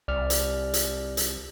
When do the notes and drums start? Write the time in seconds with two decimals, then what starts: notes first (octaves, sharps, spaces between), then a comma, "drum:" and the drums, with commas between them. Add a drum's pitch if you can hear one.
0.08 C2 D5 F6
0.30 drum: hi-hat
0.74 drum: hi-hat
1.17 drum: hi-hat